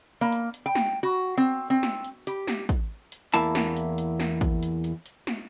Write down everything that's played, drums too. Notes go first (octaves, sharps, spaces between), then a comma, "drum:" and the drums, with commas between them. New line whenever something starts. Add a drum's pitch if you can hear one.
A#3
drum: hi-hat
drum: hi-hat
G5
drum: snare
F#4
C4, drum: hi-hat
C4
drum: snare
drum: hi-hat
G4, drum: hi-hat
drum: snare
drum: kick, hi-hat
drum: hi-hat
E2 A#3 E4 A5, drum: hi-hat
drum: snare
drum: hi-hat
drum: hi-hat
drum: snare
drum: kick, hi-hat
drum: hi-hat
drum: hi-hat
drum: hi-hat
drum: snare